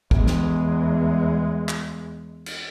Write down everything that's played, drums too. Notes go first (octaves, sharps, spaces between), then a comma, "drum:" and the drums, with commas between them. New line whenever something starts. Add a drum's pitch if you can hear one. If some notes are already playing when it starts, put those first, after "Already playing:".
E2 G#3, drum: kick
drum: snare
drum: clap
drum: cymbal